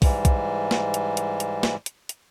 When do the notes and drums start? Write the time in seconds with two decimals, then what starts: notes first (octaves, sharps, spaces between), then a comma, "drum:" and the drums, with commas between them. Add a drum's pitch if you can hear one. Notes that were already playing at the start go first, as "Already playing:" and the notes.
0.02 G#2 E3 G3, drum: kick B1, open hi-hat
0.25 drum: kick B1, hi-hat
0.71 drum: snare
0.94 drum: hi-hat
1.17 drum: hi-hat
1.40 drum: hi-hat
1.63 drum: snare
1.86 drum: hi-hat
2.09 drum: hi-hat